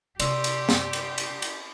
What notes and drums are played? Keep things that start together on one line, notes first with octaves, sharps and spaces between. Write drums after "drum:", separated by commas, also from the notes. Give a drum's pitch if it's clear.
C3 G4 D5 C6 E6, drum: cymbal
drum: cymbal
drum: snare
drum: cymbal
drum: cymbal
drum: cymbal